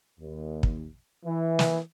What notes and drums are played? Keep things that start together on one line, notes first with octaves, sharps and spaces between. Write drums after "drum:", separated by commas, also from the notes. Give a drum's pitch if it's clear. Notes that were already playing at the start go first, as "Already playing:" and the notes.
D#2
drum: kick
E3
drum: snare